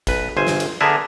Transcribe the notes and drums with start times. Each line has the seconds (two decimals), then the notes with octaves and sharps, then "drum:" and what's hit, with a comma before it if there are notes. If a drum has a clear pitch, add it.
0.07 B1 B4, drum: kick G#1, cymbal
0.37 G1 C5 G#5
0.47 drum: snare
0.60 drum: cymbal
0.81 D3 B3 D4 G#4 A#4 E5